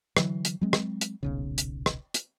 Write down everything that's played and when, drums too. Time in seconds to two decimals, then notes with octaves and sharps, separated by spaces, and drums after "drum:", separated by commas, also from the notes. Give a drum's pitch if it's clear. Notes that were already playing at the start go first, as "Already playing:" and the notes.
0.17 D3 E3 F#3, drum: rim click
0.45 drum: hi-hat
0.61 F#3 G#3 C4
0.73 drum: rim click
1.01 drum: hi-hat
1.23 D#1 B1 C#3
1.58 drum: hi-hat
1.86 drum: rim click
2.14 drum: hi-hat